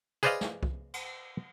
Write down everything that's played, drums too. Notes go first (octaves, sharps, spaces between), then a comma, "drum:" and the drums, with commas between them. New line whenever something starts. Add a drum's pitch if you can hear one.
G#4 B4 C5 D5 D#5 F5, drum: tambourine
drum: snare
drum: kick C2
drum: cymbal